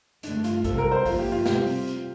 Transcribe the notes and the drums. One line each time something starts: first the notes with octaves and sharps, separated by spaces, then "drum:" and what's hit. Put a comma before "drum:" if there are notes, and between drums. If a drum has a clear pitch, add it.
G2 D3 A3 D4, drum: hi-hat
F4, drum: hi-hat
C3 G3 C4 A4, drum: kick A1, hi-hat
A#4
C5
G2 F3 A#3 F4, drum: kick A1, open hi-hat
G4
F4
C3 G3 C4 G4, drum: snare
drum: open hi-hat
drum: hi-hat